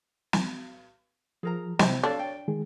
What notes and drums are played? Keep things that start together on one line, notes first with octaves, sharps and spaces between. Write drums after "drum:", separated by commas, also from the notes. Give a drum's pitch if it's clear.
drum: snare
F3 G#4 A#4 A#5
C3 C4 E4 C5 E5 A#5, drum: snare
D4 A4 C#5 F5 A5 A6
G5
D#3 G#3 G#4